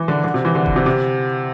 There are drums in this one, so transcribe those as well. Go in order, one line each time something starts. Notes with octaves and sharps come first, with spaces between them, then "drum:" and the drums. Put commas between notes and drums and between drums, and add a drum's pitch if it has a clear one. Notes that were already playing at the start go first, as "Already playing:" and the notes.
Already playing: E3
D3
D3
C3
E3
D3
drum: kick E1
C3
C3